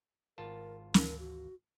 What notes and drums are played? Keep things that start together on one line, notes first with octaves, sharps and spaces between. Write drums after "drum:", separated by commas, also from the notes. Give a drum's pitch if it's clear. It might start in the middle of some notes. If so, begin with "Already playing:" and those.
G#1 F4 A#4 A5
D2 E3 A#4, drum: snare
F#4